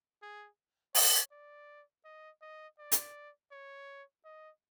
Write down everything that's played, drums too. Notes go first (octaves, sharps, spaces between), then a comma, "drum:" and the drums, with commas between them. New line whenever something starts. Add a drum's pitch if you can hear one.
G#4
C#5, drum: open hi-hat
D5
D#5
D#5
D5
drum: hi-hat
C#5
D#5